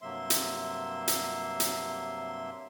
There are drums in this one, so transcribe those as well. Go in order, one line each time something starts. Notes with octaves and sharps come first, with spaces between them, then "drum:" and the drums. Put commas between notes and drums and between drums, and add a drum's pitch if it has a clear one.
G2 C3 F#3 A#3 E5 C6
drum: hi-hat
drum: hi-hat
drum: hi-hat